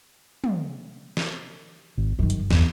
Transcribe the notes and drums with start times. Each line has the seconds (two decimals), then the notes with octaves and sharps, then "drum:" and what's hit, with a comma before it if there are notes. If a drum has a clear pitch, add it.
0.44 drum: tom
1.17 drum: snare
1.98 G#1
2.19 G1 F#2 D#3
2.30 drum: hi-hat
2.51 E2, drum: snare